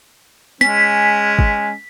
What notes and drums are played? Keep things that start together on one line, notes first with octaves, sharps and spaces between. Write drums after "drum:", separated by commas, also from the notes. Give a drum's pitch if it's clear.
G#3 C#4 B6, drum: snare
drum: kick